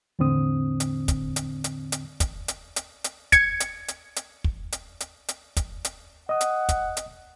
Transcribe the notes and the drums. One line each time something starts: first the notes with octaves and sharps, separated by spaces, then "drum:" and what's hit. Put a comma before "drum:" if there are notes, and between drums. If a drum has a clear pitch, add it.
E2 A2 D3 C4 D#6
drum: hi-hat
drum: kick, hi-hat
drum: hi-hat
drum: hi-hat
drum: hi-hat
drum: kick, hi-hat
drum: hi-hat
drum: hi-hat
drum: hi-hat
G#6 C#7, drum: kick, hi-hat
drum: hi-hat
drum: hi-hat
drum: hi-hat
drum: kick
drum: hi-hat
drum: hi-hat
drum: hi-hat
drum: kick, hi-hat
drum: hi-hat
D#5 F#5 D#6
drum: hi-hat
drum: kick, hi-hat
drum: hi-hat